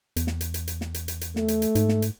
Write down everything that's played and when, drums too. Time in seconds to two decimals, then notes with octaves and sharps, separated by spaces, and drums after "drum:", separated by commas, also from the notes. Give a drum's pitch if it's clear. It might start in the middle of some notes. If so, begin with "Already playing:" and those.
0.16 E2, drum: hi-hat
0.27 drum: snare
0.41 drum: hi-hat
0.54 drum: hi-hat
0.68 drum: hi-hat
0.81 drum: snare
0.94 drum: hi-hat
1.08 drum: hi-hat
1.21 drum: hi-hat
1.36 A3, drum: snare
1.48 drum: hi-hat
1.62 drum: hi-hat
1.75 G#2, drum: hi-hat
1.89 drum: snare
2.02 drum: hi-hat